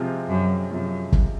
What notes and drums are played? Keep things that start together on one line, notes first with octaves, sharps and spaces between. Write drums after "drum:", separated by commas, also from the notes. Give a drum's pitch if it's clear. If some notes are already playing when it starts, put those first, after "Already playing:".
Already playing: C3 F3 G#3 C4 F4
F#2
F#2 C3 F3 G#3 C4 F4
drum: kick